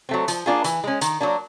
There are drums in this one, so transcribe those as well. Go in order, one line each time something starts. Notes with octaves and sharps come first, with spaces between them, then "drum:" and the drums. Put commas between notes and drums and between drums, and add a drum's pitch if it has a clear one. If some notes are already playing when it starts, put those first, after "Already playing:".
F#3 A3 C4
F3, drum: hi-hat
A#3 D4 F4 G#4
E3, drum: hi-hat
G#3 C#4
D#3, drum: hi-hat
F#3 A#3 D4